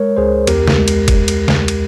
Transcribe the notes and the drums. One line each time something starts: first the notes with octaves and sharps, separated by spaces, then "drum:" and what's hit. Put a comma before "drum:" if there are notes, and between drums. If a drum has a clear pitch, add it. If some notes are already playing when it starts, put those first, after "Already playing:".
Already playing: G#3 A#4 C#5
C#2 G#4 C5
E2 G4 A#4, drum: cymbal
drum: snare
G#3
drum: cymbal
drum: kick, cymbal
drum: cymbal
drum: snare
drum: cymbal